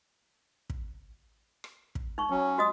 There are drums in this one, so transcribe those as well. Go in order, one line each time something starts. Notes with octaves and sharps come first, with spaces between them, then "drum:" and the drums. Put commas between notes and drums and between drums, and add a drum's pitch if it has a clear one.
drum: kick
drum: rim click
drum: kick
D#4 C#6
F#3 C#4
F#4 D#5 D#6